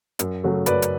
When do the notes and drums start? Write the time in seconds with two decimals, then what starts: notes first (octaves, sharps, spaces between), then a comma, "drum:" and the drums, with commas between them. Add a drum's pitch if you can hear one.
0.19 F#2, drum: hi-hat
0.44 C#3 F#3 A3
0.66 F#2 B4 D5, drum: hi-hat
0.82 drum: hi-hat